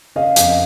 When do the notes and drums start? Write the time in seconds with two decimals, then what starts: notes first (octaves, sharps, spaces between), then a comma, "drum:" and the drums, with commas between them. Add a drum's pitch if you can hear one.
0.15 C#3 D#5 F5
0.36 F2, drum: hi-hat